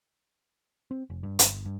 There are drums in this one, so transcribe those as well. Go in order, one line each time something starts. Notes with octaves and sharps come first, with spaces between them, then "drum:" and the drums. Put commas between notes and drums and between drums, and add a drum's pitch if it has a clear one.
C4
F1
G2
G1, drum: hi-hat
G2